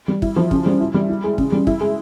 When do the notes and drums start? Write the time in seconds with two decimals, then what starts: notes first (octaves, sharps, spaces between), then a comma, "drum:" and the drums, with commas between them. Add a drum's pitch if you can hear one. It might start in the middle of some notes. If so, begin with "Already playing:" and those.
0.08 G3
0.22 E4, drum: kick
0.36 F3
0.51 C#3, drum: kick
0.66 G3
0.80 E4
0.94 G3
1.09 E4
1.24 G#3
1.38 C#3, drum: kick
1.52 G3
1.67 E4, drum: kick
1.81 G#3